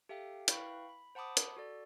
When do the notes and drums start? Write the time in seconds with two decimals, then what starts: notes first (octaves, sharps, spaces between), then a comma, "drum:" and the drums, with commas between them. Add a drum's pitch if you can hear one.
0.09 G4 A4 E5 F5 G5
0.48 E4 B4 F5 G5 B5 C#6, drum: hi-hat
0.89 B5
1.15 C5 F#5 A5 B5 D6 D#6
1.37 drum: hi-hat
1.56 F#4 A4 D5